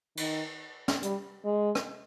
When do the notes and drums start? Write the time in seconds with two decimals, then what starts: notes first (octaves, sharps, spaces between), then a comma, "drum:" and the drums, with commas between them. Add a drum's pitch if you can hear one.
0.17 D#3, drum: cymbal
0.88 drum: snare
1.03 G3, drum: hi-hat
1.45 G#3
1.75 drum: rim click